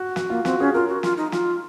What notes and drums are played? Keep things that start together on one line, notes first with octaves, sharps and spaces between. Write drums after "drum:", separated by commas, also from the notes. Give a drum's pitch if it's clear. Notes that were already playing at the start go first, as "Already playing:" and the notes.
Already playing: F#4
F#4, drum: snare
A#3 F4
C4 F#4, drum: snare
C#4 G#4
F4 A#4
F#4
F4, drum: snare
D#4
F4, drum: snare